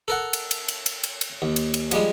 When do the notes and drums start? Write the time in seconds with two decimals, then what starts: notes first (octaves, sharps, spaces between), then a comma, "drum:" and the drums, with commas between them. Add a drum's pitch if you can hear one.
0.08 A4 A#4 F#5
0.33 drum: cymbal
0.51 drum: cymbal
0.68 drum: cymbal
0.86 drum: cymbal
1.04 drum: cymbal
1.21 drum: cymbal
1.42 D#2
1.56 drum: cymbal
1.74 drum: cymbal
1.91 F3 G3 G#3, drum: cymbal